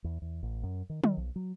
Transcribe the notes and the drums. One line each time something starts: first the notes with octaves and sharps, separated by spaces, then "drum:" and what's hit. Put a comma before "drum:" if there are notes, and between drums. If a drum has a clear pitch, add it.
E2
E2
A1
F#2
D#3
D#3, drum: tom
B1
F#3